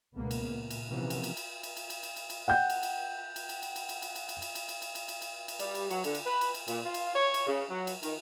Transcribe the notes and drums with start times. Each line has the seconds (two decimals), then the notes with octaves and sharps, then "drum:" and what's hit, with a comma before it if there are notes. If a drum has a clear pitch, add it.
0.15 C#2 B2 A#3 B3
0.31 drum: cymbal
0.49 A#2
0.70 drum: cymbal
0.89 C3 E3 F3 A#3 B3 C#4
1.10 drum: cymbal
1.24 drum: cymbal
1.37 drum: cymbal
1.63 drum: cymbal
1.77 drum: cymbal
1.90 drum: cymbal
2.03 drum: cymbal
2.16 drum: cymbal
2.30 drum: cymbal
2.48 F#5 G5 G6
2.70 drum: cymbal
2.83 drum: cymbal
3.36 drum: cymbal
3.49 drum: cymbal
3.62 drum: cymbal
3.76 drum: cymbal
3.89 drum: cymbal
4.02 drum: cymbal
4.16 drum: cymbal
4.29 drum: cymbal
4.42 drum: cymbal
4.55 drum: cymbal
4.69 drum: cymbal
4.82 drum: cymbal
4.95 drum: cymbal
5.08 drum: cymbal
5.22 drum: cymbal
5.48 drum: cymbal
5.59 G3, drum: cymbal
5.75 drum: cymbal
5.90 F#3, drum: cymbal
6.04 D3, drum: cymbal
6.15 drum: cymbal
6.25 B4
6.41 drum: cymbal
6.54 drum: cymbal
6.68 A#2, drum: cymbal
6.85 F4
6.94 drum: cymbal
7.14 C#5
7.34 drum: cymbal
7.46 C#3
7.69 F#3
7.87 drum: cymbal
8.03 D#3, drum: cymbal